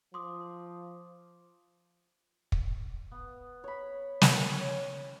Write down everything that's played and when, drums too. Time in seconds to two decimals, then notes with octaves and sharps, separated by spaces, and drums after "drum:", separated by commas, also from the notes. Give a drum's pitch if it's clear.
0.14 F3 C6 D6 D#6
2.52 drum: kick
3.12 B3
3.64 C#5 B5
4.21 drum: snare
4.52 C#4 G5